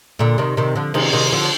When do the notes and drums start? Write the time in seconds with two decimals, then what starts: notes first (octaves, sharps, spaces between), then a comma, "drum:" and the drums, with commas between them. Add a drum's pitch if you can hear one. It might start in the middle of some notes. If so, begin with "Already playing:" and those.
0.19 A#2 D3
0.38 C3 D#3
0.57 C3 D#3
0.75 D3 F3
0.94 C3 D#3, drum: cymbal
1.13 C3 D#3
1.32 D3 F3